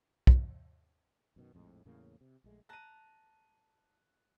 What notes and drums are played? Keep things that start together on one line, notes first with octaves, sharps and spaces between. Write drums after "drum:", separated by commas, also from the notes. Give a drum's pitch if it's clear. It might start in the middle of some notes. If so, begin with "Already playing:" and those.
drum: kick
F#2 B2 D#3
A#1 F2 A2 G#3
E2 A2 C#3 A#3
C3
A#1 G#3 A3
A5 A#5 F#6 D#7